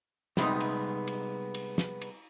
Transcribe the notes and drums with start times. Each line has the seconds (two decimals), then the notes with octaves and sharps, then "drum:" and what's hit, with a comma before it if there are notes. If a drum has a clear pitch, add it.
0.37 C3 G3 G#3 B3 D#4, drum: snare
0.60 drum: cymbal
1.07 drum: cymbal
1.54 drum: cymbal
1.78 drum: snare
2.01 drum: cymbal